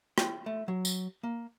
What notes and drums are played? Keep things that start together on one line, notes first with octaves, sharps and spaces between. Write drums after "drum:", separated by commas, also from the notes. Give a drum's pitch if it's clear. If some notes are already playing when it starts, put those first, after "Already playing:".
G5, drum: rim click
A3
F#3
drum: tambourine
A#3